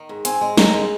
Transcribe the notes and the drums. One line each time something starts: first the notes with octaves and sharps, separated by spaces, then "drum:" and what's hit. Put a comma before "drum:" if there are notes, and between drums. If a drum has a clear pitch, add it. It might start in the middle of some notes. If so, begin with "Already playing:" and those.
Already playing: D#3
G#2
C4 G#5, drum: hi-hat
G#3
D#3 A#5, drum: snare
G#3